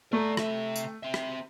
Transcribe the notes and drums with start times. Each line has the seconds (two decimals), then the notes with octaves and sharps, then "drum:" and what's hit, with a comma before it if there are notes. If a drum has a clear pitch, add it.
0.13 A3 D5 A#5
0.37 C3 E5, drum: rim click
0.76 drum: tambourine
1.03 C4 E5
1.14 drum: rim click